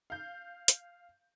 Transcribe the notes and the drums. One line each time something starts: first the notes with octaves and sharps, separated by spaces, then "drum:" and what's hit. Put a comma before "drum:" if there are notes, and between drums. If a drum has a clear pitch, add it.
F5 G6
drum: hi-hat